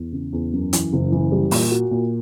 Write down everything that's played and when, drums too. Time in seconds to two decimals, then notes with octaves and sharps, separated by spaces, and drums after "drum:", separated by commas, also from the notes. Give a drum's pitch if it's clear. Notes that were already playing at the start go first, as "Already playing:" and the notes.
Already playing: E2
0.12 C#3
0.33 E2
0.53 F#2
0.73 E3, drum: hi-hat
0.93 F#1
1.12 E3
1.32 G3
1.51 A#2, drum: open hi-hat
1.72 F#4
1.91 A#2